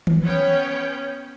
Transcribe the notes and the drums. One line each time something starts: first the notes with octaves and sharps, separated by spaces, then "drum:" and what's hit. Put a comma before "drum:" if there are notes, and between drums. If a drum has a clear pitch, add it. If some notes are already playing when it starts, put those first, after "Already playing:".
drum: tom D#3
B3 C#4 C#5 G5